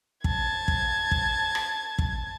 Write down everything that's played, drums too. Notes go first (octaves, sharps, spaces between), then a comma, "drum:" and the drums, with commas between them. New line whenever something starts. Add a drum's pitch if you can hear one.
A5 G#6, drum: kick
drum: kick
drum: kick
drum: rim click
drum: kick